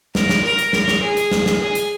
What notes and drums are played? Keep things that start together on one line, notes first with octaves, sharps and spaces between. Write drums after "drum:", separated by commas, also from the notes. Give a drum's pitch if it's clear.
A#4, drum: snare
drum: snare
A#4
drum: hi-hat
A#4, drum: snare
drum: snare
G#4
drum: hi-hat
drum: snare
drum: snare
G#4
drum: hi-hat